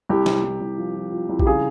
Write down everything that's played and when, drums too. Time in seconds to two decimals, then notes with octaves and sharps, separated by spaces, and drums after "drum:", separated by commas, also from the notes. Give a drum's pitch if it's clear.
0.09 C2 G4
0.26 C3, drum: snare
0.43 C2
0.61 C2
0.77 F3
0.95 F3
1.12 F3
1.29 C2
1.39 G4, drum: kick A#1
1.46 C#3 G#4